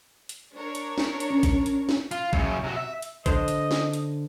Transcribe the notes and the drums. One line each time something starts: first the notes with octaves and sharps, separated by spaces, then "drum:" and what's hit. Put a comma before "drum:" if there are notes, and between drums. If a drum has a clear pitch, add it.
drum: hi-hat
D4 A#4 C#5
drum: hi-hat
drum: snare
drum: hi-hat
C#4
drum: kick A1, hi-hat
drum: hi-hat
drum: snare
F4, drum: hi-hat
F#2 C#3, drum: kick A1
C3 F#4
E5
drum: hi-hat
D3 C5 D#5, drum: kick A1, hi-hat
drum: hi-hat
drum: snare
drum: hi-hat